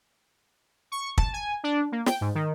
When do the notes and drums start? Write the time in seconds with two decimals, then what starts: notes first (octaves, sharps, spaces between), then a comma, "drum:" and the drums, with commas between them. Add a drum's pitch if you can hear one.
0.92 C#6
1.18 A5, drum: kick
1.33 G#5
1.64 D4
1.92 A#3
2.06 G5, drum: snare
2.21 G#2
2.35 D#3